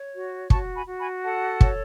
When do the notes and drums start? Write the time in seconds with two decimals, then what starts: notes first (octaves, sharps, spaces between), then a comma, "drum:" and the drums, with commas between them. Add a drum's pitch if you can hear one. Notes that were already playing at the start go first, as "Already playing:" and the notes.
Already playing: C#5
0.14 F#4
0.50 F#4 A5 C#6, drum: kick
0.75 G#5 B5
0.87 F#4
1.00 G#5 B5
1.24 A4 F#5 A5
1.61 C#5, drum: kick